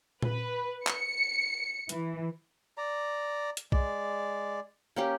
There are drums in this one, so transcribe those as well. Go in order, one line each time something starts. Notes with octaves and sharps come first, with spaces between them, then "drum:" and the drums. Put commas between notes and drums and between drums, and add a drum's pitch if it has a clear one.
B4, drum: tom A#2
C#7, drum: clap
E3, drum: hi-hat
D5 A#5
drum: hi-hat
G#3 D5, drum: kick
A#3 C#4 G4